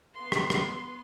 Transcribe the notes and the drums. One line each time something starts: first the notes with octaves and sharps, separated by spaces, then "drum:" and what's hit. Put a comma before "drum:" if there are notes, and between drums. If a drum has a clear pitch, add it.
B3 C6
drum: rim click
drum: rim click